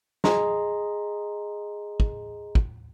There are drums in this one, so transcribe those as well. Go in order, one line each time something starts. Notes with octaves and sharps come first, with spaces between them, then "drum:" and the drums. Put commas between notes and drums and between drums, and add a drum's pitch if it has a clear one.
G#4 D#5 A#5 C6, drum: snare
drum: kick
drum: kick